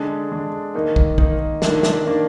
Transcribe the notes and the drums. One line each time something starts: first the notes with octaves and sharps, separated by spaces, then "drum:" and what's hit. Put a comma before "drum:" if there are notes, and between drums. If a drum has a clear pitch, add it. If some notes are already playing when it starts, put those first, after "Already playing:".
Already playing: D3 G#3 D4
D3 G#3 D4
D#3 A#3 D#4
drum: kick
D#3 A#3 D#4, drum: kick
D#3 A#3 D4, drum: snare
drum: snare
D#3 A#3 D4